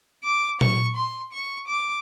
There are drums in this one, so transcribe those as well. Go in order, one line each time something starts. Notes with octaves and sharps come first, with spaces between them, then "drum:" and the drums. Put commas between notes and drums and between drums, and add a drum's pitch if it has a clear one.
D6
C#6, drum: tom
C6
C#6
D6